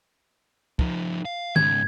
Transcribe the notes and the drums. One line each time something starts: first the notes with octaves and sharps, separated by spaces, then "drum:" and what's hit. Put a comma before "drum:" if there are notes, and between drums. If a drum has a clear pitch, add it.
F3 D#4, drum: kick
F5
G#2 C#3 G#6, drum: tom D#3